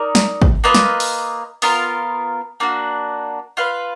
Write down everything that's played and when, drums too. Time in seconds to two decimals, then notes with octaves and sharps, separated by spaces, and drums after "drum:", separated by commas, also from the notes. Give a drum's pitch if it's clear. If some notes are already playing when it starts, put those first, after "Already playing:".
Already playing: D#4 A#4 D5
0.15 drum: snare
0.42 drum: kick
0.64 A#3 F4 B4 D#5
0.74 drum: snare
1.00 drum: open hi-hat
1.62 B3 F4 A#4 F5, drum: open hi-hat
2.60 A#3 D4 F#4
3.57 F4 B4 F5